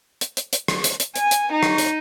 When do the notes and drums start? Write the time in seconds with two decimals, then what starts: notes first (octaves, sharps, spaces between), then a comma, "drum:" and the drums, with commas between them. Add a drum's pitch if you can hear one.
0.21 drum: hi-hat
0.37 drum: hi-hat
0.53 drum: hi-hat
0.68 drum: rim click
0.84 drum: hi-hat
1.00 drum: hi-hat
1.15 G#5, drum: hi-hat
1.31 drum: hi-hat
1.51 D#4
1.63 drum: rim click
1.78 drum: hi-hat